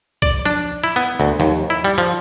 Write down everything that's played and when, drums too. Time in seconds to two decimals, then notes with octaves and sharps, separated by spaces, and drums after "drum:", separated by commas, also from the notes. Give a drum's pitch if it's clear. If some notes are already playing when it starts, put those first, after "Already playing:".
0.22 D5, drum: kick B1
0.46 D4, drum: tom F3
0.84 E4
0.96 B3
1.20 D2
1.40 D#2, drum: tom F3
1.70 E4
1.84 G3
1.98 F3